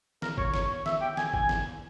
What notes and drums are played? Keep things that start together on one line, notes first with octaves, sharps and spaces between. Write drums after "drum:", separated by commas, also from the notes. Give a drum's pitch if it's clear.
A#4, drum: snare
C#5, drum: kick G1
C#5, drum: snare
E5, drum: snare
G5
G#5, drum: snare
G#5, drum: kick G1
drum: snare